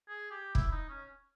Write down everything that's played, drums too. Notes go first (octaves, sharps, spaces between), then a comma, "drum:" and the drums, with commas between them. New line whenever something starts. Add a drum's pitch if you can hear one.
G#4
G4
E4, drum: kick
D#4
C#4